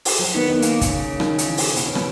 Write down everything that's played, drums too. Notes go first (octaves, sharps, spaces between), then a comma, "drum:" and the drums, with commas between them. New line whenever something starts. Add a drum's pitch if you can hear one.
drum: open hi-hat
F#3
D#3 B3
D#3
A#3, drum: hi-hat
drum: kick, hi-hat
C#3
D#3, drum: rim click
drum: hi-hat
E3
drum: open hi-hat
B2 B3, drum: hi-hat
C#4
B3, drum: rim click